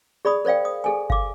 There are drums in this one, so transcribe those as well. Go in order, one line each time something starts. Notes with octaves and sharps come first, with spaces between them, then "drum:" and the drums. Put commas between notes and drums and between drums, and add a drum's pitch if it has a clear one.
G#4 D5 B5 D#6
A#4 C5 D5 F5 G5
D#6
G#4 A4 G#5
F5 D6, drum: kick G1